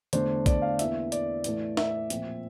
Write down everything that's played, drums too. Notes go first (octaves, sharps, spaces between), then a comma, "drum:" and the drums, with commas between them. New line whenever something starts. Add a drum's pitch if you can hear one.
E2 D3 A3 D4 C5, drum: hi-hat
D5, drum: kick B1, hi-hat
F5
E2 E3 A#3 E5, drum: hi-hat
D5, drum: hi-hat
A2 E3 A3, drum: hi-hat
E5, drum: snare
A#2 F3 C4, drum: hi-hat